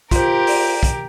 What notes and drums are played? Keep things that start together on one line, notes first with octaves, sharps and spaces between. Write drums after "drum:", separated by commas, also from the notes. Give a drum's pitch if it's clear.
F4 G4 A#4 C5, drum: kick, hi-hat
drum: open hi-hat
drum: kick, hi-hat